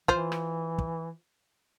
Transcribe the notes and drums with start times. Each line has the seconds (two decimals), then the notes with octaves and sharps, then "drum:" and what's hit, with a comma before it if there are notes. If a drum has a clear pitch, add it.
0.08 E3 F4 C5, drum: kick
0.32 drum: rim click
0.78 drum: kick